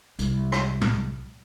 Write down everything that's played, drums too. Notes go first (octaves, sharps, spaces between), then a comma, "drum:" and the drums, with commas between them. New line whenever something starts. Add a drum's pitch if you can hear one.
C2, drum: hi-hat
drum: rim click
drum: tom